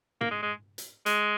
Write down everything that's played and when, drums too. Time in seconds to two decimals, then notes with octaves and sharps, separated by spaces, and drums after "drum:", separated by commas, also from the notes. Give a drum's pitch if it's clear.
0.21 A#3, drum: tom
0.31 G#3
0.43 G#3
0.78 drum: hi-hat
1.06 G#3, drum: hi-hat